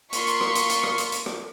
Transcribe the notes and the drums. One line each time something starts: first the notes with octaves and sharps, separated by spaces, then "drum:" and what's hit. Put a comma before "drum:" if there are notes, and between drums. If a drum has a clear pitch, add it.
A#3 F4 C6 C#6 B6 C#7, drum: hi-hat
drum: hi-hat
drum: rim click
drum: hi-hat
drum: hi-hat
drum: rim click
drum: hi-hat
drum: hi-hat
drum: rim click